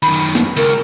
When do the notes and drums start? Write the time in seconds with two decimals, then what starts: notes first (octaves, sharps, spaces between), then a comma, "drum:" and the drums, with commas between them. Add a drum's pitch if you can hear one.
0.03 F#2 D#3 B5
0.14 drum: cymbal
0.35 drum: snare
0.57 C#2 A#4, drum: cymbal